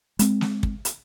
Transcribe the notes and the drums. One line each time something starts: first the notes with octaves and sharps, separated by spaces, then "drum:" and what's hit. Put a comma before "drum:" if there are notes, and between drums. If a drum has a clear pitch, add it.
G#3 C4, drum: hi-hat
drum: snare
drum: kick
drum: hi-hat